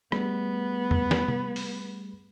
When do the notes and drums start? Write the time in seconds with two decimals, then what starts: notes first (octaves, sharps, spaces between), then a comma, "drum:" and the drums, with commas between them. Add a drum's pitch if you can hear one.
0.12 G3 A3 B3 G#4, drum: rim click
0.91 drum: tom E2
1.11 drum: snare
1.28 drum: tom C3
1.56 drum: open hi-hat